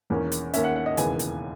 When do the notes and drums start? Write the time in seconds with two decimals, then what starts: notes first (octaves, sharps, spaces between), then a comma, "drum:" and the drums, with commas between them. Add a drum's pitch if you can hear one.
0.10 E1 E2 D#3 A#3 C#4
0.32 drum: hi-hat
0.54 D#2 D#3 A#3 C#4 E5, drum: hi-hat
0.64 F#5
0.76 F#5
0.86 D#5
0.97 E1 D#2 C#3 E3 B3 G#5, drum: hi-hat
1.19 drum: hi-hat